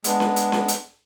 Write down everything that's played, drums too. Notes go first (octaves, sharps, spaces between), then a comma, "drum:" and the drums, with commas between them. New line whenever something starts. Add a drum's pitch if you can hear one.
G#3 B3 D4, drum: hi-hat
drum: snare C#4
drum: hi-hat
drum: snare C#4
drum: hi-hat